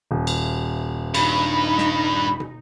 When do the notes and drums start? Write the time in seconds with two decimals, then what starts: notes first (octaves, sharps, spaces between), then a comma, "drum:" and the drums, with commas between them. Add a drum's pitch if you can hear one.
0.11 D#1
0.27 drum: cymbal
1.14 G2 D#4 B5, drum: cymbal
1.78 drum: snare
2.40 drum: tom